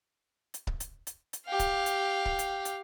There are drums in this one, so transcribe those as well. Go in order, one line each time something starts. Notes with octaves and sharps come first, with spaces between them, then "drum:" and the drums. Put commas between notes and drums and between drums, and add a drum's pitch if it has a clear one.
drum: hi-hat
drum: kick C#1
drum: hi-hat
drum: hi-hat
drum: hi-hat
G4 F5
drum: kick C#1, hi-hat
drum: hi-hat
drum: kick C#1
drum: hi-hat
drum: hi-hat